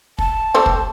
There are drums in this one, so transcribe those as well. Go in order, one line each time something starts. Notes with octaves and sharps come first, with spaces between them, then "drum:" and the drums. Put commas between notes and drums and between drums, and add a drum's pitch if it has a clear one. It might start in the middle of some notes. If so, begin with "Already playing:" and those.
A5, drum: kick
A3 C4 G4
drum: kick